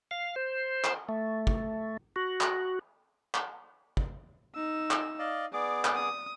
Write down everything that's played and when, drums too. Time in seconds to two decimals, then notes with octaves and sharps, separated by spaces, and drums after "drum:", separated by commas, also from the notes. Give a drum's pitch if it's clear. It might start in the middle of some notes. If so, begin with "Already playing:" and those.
0.11 F5
0.36 C5
0.84 drum: clap
1.09 A3
1.47 drum: kick
2.16 F#4
2.41 drum: clap
3.35 drum: clap
3.97 drum: kick
4.55 D#4 E6
4.91 drum: clap
5.19 D5 D#5 F5
5.53 B3 G#4 D5 D6
5.85 drum: clap
5.95 D#6